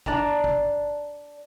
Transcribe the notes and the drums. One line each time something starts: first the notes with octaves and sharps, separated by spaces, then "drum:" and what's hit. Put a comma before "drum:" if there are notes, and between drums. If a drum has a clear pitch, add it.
D4 D5 A5 A#5, drum: kick
drum: kick